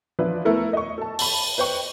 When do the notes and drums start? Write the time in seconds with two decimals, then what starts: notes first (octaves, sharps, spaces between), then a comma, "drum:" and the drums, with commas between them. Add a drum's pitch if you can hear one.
0.19 E3 F3 D4 E4 B4 D5
0.45 A3 B3 E4 A4 A#4
0.73 D#5 C#6
0.98 A4 A5
1.19 A5 B5, drum: open hi-hat
1.58 B4 C5 G5 C#6